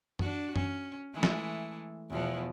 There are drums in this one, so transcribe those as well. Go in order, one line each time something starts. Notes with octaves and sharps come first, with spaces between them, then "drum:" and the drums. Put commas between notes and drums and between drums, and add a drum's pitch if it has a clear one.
D4 F#4, drum: tom F#2
C#4, drum: tom F#2
E3 G#3 A3
drum: snare
E2 B2 F3